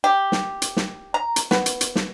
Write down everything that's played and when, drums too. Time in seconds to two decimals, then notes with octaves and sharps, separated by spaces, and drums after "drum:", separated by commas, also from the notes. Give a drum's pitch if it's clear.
0.04 G4
0.32 drum: snare
0.62 drum: hi-hat
0.77 drum: snare
1.14 A#5
1.36 drum: hi-hat
1.51 B3, drum: snare
1.66 drum: hi-hat
1.81 drum: hi-hat
1.96 drum: snare